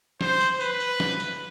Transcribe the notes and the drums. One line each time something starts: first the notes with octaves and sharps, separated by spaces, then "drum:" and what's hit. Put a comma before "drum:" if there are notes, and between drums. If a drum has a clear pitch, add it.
C5, drum: snare
drum: tambourine
B4, drum: tambourine
drum: tambourine
drum: snare
drum: tambourine